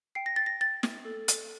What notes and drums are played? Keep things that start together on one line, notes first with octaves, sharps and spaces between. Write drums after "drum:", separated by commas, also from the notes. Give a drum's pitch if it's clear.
G5 C7
A#6
A6
A#6
G5 A6
drum: snare
A4
drum: hi-hat